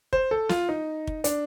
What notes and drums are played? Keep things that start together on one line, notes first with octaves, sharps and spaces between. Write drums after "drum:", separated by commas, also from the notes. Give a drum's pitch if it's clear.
C5, drum: kick
A4
F4, drum: snare
D#4
drum: kick
D4, drum: hi-hat